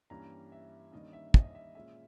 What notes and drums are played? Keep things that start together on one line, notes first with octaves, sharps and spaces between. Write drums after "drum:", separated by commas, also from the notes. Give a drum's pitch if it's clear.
G2 E3 G3 A#3 C#4 A#5
E5
G2 D#3 A#3 C#4 D#5
E5
D#5, drum: kick
E5
A#2 G#3 C#4 E5